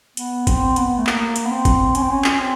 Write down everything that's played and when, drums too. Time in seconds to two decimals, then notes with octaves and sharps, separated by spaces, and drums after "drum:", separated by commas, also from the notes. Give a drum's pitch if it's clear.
0.17 B3, drum: hi-hat
0.47 C4, drum: kick, hi-hat
0.76 B3, drum: hi-hat
0.98 A3
1.07 A#3, drum: clap
1.36 drum: hi-hat
1.46 B3
1.51 C4
1.65 drum: kick, hi-hat
1.95 C#4, drum: hi-hat
2.02 C4
2.10 C#4
2.24 drum: clap
2.39 C4